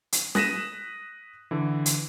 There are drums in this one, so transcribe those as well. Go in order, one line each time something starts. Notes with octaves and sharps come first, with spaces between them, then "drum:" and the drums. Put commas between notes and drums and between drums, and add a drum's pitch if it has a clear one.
drum: hi-hat
D#6 F#6 A#6 B6 D#7 E7, drum: snare
D3 E3
drum: hi-hat